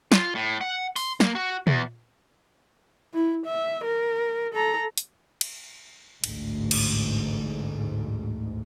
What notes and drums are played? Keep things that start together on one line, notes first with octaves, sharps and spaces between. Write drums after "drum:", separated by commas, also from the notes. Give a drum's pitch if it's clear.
F4, drum: snare
A2
F#5
C6, drum: open hi-hat
A#3, drum: snare
F#4
E2, drum: tom
E4
E5
A#4
A4 A#5
drum: hi-hat
drum: cymbal
A1 D2 G#2, drum: cymbal
drum: cymbal